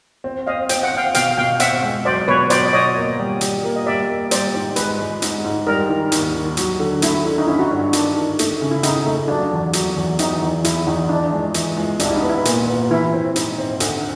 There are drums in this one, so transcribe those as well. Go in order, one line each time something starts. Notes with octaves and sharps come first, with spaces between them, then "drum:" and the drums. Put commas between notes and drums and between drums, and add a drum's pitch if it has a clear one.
C4
C4 D#5 F5
C4 G5, drum: hi-hat
F#5
C4 F5 G5
B2 F5 G5, drum: hi-hat
B2 F5 G5
C4 E5 F#5, drum: hi-hat
G#3
F#3 C5 D5
B2 B4 C#5
F#3 C5 D5, drum: hi-hat
D5
B2 C#5 D#5
A#3
G3
G3, drum: hi-hat
A#3
D#5
G3 D5 E5
A#3
G3 C5 D5, drum: hi-hat
G#2
G#3 B4, drum: hi-hat
G#3
G#2, drum: hi-hat
G#2
G3 A#4
D#3
D#2, drum: hi-hat
D#3
F#3, drum: hi-hat
D3
A3 E4, drum: hi-hat
D3
D#4
C#4 E4
F#4
G2
D#3 D4, drum: hi-hat
D#3
A3, drum: hi-hat
C#3
E4
C#3 D#4, drum: hi-hat
A3
F#3 D4
E2
F#3, drum: hi-hat
E2
E3 D#4, drum: hi-hat
E2
E2 E4, drum: hi-hat
E2 D#4
E3 D4
G#3
E3, drum: hi-hat
G#3
C2 D4, drum: hi-hat
E4
D#4
B3
E4
A#2, drum: hi-hat
B3
E3 E4
C4
G#2, drum: hi-hat
C4
D2, drum: hi-hat